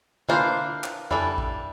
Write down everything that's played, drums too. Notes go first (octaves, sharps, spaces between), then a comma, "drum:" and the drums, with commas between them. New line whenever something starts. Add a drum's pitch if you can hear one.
E3 A#3 D4 F4 C5, drum: tom D3
drum: clap
E3 G3 D4 A4, drum: tom F2
drum: kick A1